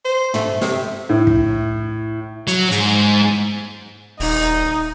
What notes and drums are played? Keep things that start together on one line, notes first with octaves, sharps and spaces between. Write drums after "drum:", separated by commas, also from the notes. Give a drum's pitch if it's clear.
C5
A3, drum: tom
C3, drum: snare
A2
drum: kick
F#3, drum: hi-hat
G#2, drum: hi-hat
D#1 D#4, drum: open hi-hat